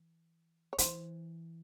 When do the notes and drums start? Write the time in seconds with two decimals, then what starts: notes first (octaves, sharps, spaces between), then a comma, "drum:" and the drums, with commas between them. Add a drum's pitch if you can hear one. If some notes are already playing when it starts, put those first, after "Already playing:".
Already playing: E3
0.73 C#5
0.78 E3 C5, drum: hi-hat